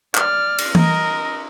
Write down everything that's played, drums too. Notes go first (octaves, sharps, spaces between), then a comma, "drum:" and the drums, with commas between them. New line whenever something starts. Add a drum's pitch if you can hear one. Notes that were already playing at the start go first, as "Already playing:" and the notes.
D5 F6, drum: clap
drum: cymbal
A#4 D#5, drum: tom E3